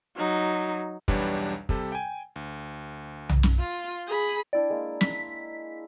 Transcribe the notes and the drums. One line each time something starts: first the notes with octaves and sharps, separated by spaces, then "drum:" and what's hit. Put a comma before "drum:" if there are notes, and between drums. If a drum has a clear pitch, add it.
F#3 D#4
B1 E2 G3 D4 B4 C#5, drum: kick
C3 G3 A4, drum: kick
G5 G#5
D2
drum: tom B1
drum: snare
F4
G#4 B5
D4 E4 D5 G5
G#3 A#3
B6, drum: snare